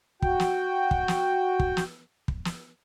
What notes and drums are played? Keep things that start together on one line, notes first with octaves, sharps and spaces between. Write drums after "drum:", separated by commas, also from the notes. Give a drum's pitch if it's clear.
F#4 G5, drum: kick
drum: snare
drum: kick
drum: snare
drum: kick
drum: snare
drum: kick
drum: snare